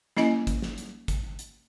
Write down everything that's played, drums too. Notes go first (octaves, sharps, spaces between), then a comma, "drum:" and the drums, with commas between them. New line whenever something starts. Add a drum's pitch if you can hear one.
A#3 C#4 E4 D#5 G#5, drum: snare
drum: kick, hi-hat
drum: snare
drum: hi-hat
drum: kick, hi-hat
drum: hi-hat